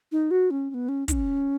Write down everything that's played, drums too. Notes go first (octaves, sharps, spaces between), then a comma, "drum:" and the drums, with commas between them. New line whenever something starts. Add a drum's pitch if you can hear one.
D#4
F#4
C#4
C#4
B3
C#4
D#4, drum: kick, hi-hat
C#4